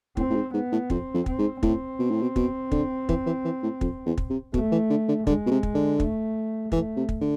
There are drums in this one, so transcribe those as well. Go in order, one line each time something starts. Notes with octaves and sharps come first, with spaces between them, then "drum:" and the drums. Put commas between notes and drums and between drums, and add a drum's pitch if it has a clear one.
A2 C4, drum: kick
A2
G#2
G#2 B3
A2
F2 C4, drum: kick
F2
C4, drum: kick
G#2
A2 C4, drum: kick
B2
A2
B2
B2, drum: kick
D3, drum: kick
E3, drum: kick
E3
E3
A2
F2, drum: kick
E2
drum: kick
C3
B2 A3, drum: kick
E3
D3
D3
D3 G#3, drum: kick
B2
C3
drum: kick
D3
A3, drum: kick
E3 A3, drum: kick
C3
drum: kick
D3